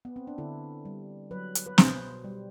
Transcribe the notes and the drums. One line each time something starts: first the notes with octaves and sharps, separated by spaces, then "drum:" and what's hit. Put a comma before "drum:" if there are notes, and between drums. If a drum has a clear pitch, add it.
B3
C4
D4
D3 E4
G3
F#3 B4
drum: hi-hat
B4
B2 C5, drum: snare
G3